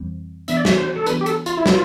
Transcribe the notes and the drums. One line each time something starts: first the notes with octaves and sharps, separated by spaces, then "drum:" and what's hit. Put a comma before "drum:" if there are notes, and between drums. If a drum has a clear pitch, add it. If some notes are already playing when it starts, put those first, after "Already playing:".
Already playing: F2 E3 G3 C4
E3 B3 D4 E5, drum: hi-hat
D5
E5, drum: snare
C5
A4
E3 B3 D4 B4, drum: hi-hat
G4
A4, drum: hi-hat
F4, drum: hi-hat
E4
F3 C4 F4 G4 B4, drum: snare